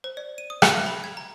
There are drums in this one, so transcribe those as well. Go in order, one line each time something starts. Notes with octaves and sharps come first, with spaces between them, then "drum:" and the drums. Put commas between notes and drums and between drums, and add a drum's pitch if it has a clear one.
C5
D5
D#7
D#6
F5, drum: rim click
E5
B5
G#6
A#5